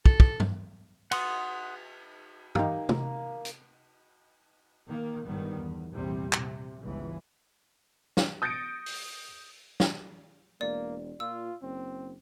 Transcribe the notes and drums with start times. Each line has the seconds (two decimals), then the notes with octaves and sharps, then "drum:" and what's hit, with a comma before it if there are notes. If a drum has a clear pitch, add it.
0.06 A4, drum: kick
0.20 drum: kick
0.40 drum: tom G2
1.11 F#5 C6 D#6, drum: cymbal
2.55 A#3 D#4 G4, drum: tom
2.89 drum: tom
3.45 drum: hi-hat
4.88 D#3 A#3
5.25 G1 G#2 D#3 G3 B3
5.58 E2
5.91 A#1 E2 C3 G3 C4
6.33 C3, drum: clap
6.82 G1 C#2 E3
8.17 drum: snare
8.42 D#6 G6 A6 A#6 C#7 D7
8.86 drum: open hi-hat
9.80 drum: snare
10.61 E1 A#3 D5
11.20 A#2 F4 E6
11.63 F#1 C4